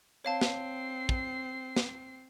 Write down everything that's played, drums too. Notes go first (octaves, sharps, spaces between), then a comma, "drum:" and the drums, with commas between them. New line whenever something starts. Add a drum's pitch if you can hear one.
C4 C#5 F5 A5 C7
drum: snare
drum: kick
drum: snare